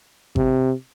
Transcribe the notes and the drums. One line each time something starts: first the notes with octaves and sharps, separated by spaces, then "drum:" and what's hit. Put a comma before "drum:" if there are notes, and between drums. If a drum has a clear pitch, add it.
C3, drum: kick G#1